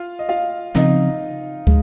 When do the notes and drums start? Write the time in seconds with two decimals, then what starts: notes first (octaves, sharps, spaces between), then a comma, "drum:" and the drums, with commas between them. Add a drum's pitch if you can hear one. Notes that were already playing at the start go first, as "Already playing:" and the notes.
Already playing: F4 F5
0.19 D#5
0.29 F4 F5
0.75 C#3 F3 C4 D#4 D#5, drum: snare
1.67 G#3, drum: kick